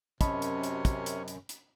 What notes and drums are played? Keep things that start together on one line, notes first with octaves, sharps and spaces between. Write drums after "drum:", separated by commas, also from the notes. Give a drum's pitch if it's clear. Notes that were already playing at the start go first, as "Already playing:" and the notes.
F#2 C3 C#4 D#5 A5 B5, drum: kick, hi-hat
drum: hi-hat
drum: hi-hat
drum: kick, hi-hat
drum: hi-hat
drum: hi-hat
drum: hi-hat